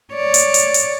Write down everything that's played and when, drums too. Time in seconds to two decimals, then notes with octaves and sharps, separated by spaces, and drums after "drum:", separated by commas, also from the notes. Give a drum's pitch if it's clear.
0.14 C#5 D5
0.34 drum: hi-hat
0.54 drum: hi-hat
0.74 drum: hi-hat